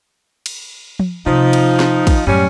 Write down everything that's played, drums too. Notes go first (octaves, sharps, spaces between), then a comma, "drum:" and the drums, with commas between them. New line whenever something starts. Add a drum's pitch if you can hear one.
drum: cymbal
drum: tom F3
C3 F3 D#4
drum: cymbal
drum: snare
drum: kick, cymbal
F#2 A2 G3 C#4